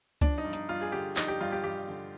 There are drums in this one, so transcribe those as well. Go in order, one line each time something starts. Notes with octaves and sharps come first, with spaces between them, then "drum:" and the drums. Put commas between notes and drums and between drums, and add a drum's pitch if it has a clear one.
F3 D4, drum: kick C#2, hi-hat
D#4
G2
D#4, drum: hi-hat
G2 F4
G#4
D3 G4
F3 D#4, drum: clap
G4
G2 F4
G4
G2 G4
D3